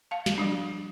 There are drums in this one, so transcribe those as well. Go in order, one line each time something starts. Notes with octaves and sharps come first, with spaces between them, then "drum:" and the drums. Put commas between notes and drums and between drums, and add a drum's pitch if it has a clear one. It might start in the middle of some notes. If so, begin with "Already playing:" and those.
F5 A5
drum: snare
F3 G3 D4